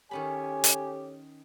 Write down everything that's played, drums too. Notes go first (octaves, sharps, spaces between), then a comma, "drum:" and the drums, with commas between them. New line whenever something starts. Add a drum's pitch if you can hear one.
D#3 C#4 G4 A4 C#5 G#5 B5
drum: hi-hat